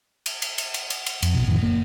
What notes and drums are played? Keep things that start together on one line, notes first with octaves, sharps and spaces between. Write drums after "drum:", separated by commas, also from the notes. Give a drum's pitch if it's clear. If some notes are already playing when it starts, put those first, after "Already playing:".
drum: cymbal
drum: cymbal
drum: cymbal
drum: cymbal
drum: cymbal
drum: cymbal
F2, drum: cymbal
A#1 B2
F2 A2 D#3 E3
F#1 A#3